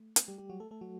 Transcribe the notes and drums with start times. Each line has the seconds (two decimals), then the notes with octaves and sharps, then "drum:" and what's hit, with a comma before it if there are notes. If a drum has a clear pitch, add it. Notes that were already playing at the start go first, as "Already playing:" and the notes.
Already playing: A3
0.16 drum: hi-hat
0.28 G3 G4
0.38 G3 G4
0.49 F#3 F#4
0.60 A3 A4
0.71 A3 A4
0.81 F#3 F#4